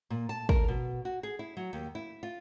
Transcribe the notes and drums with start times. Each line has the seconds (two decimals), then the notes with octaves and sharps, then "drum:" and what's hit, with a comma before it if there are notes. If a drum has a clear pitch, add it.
0.10 A#2
0.29 A5
0.49 A#4, drum: kick
0.68 B2
1.05 F#4
1.23 G#4
1.39 E4
1.57 F#3
1.73 D#2
1.95 E4
2.23 F4